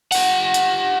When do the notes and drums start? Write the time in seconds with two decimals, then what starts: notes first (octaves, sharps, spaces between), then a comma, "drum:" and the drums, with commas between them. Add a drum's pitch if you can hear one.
0.12 G4 F#5, drum: open hi-hat
0.54 drum: hi-hat